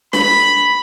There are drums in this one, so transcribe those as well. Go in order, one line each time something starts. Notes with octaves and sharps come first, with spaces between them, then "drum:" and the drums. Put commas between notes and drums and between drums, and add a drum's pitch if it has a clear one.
B5, drum: snare